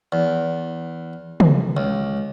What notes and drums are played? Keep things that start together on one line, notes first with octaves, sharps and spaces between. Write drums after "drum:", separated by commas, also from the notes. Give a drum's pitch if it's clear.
E2
drum: tom
C#2